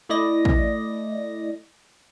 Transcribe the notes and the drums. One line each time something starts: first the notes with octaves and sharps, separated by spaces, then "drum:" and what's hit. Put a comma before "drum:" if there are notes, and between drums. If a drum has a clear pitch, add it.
A3 E4 D5 D#5 A#6
drum: kick